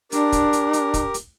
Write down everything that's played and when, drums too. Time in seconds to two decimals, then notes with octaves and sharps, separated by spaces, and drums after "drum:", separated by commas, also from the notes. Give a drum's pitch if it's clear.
0.12 D4 G4 A#4, drum: hi-hat
0.32 drum: kick, hi-hat
0.53 drum: hi-hat
0.73 drum: hi-hat
0.94 drum: kick, hi-hat
1.14 drum: hi-hat